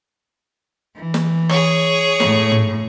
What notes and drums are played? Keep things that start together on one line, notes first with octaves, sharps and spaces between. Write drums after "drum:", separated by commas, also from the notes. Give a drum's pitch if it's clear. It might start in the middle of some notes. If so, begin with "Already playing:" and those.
E3
drum: snare
G#4 C#5, drum: rim click
A2, drum: snare
drum: tom